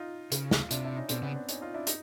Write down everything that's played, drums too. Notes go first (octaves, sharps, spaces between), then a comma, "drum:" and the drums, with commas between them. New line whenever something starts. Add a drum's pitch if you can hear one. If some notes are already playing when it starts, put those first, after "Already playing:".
Already playing: D#4 F4
C#3, drum: hi-hat
drum: snare
F4
C3 D4 E4, drum: hi-hat
D4 E4
C#4 D#4
B2 C4 D4, drum: hi-hat
C#3 B3 C#4
C4 D4
C#4 D#4, drum: hi-hat
D#4 F4
D4 E4
D#4, drum: hi-hat